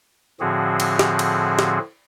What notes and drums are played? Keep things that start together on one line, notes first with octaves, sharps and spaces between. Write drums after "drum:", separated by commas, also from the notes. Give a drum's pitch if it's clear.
A2 D3 F3 C4 F#4 G#4
drum: cymbal
drum: snare
drum: cymbal
drum: snare